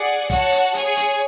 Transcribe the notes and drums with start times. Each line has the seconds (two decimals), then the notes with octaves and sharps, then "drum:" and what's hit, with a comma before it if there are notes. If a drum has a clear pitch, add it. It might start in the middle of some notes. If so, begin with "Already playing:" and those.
Already playing: G#4 D5 F#5
0.30 F#4 C#5 F#5 A5, drum: kick, hi-hat
0.52 drum: hi-hat
0.74 G#4 C#5 G#5, drum: hi-hat
0.97 drum: hi-hat